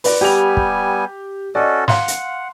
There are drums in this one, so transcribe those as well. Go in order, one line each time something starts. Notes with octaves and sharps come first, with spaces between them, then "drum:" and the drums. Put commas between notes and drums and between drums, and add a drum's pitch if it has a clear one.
B4 D5, drum: open hi-hat
G3 B3 G4 G#5 F7
drum: kick
C#4 F#4 A4 D5 D#5
F5 F#5 C6, drum: snare
drum: hi-hat